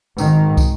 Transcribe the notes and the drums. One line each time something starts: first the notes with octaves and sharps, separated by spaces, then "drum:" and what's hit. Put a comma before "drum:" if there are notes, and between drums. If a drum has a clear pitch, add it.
G#1 G#2 D#3, drum: tambourine
drum: kick, tambourine